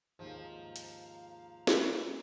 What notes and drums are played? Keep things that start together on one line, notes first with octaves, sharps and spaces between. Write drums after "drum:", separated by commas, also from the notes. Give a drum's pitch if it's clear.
D#2 G#2 F3 F5 A#5
drum: hi-hat
drum: snare